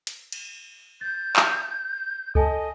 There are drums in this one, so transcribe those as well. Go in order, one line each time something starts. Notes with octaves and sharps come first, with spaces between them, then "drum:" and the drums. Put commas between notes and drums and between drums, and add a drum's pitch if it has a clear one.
drum: hi-hat
drum: cymbal
G6 A6
drum: clap
A4 D#5 G#5 A5, drum: kick C#2